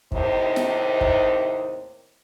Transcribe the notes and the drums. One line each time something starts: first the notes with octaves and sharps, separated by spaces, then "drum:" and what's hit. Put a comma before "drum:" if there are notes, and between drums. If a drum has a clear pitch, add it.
D#2 A2 C3 D#4 C5, drum: kick
drum: snare
drum: kick